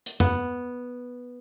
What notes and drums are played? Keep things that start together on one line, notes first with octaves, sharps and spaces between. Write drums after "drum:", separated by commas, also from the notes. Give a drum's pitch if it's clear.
drum: hi-hat
B3, drum: tom E2